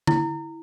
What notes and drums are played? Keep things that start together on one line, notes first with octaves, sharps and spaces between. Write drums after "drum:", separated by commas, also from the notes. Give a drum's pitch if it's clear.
E4, drum: tom D3